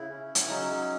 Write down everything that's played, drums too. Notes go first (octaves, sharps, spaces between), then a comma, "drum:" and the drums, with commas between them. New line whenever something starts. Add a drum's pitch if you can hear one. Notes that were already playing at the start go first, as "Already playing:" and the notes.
Already playing: C#3 E4
C#4
drum: hi-hat
F#3 D#4